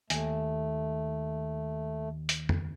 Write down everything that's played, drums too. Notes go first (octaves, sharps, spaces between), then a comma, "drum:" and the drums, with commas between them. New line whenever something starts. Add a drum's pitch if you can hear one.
D#2 A3 E5 G#5, drum: hi-hat
drum: hi-hat
drum: tom